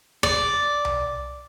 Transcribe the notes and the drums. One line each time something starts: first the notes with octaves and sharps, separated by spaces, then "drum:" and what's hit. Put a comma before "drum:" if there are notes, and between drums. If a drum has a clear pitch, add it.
D5, drum: kick
drum: tom C2